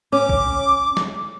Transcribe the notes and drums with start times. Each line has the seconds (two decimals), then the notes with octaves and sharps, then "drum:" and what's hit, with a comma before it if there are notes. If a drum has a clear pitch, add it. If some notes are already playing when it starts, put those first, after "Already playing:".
0.12 C#4 D6
0.29 drum: kick A#1
0.97 drum: snare